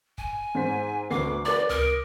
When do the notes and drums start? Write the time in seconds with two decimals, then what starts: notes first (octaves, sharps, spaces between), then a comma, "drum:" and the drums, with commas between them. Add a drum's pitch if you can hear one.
0.18 G#5, drum: kick
0.55 G#2 C5 B6
1.10 D2 B3 D6 C7
1.45 B4 D5 D6
1.69 A#4 D#6, drum: tom C#2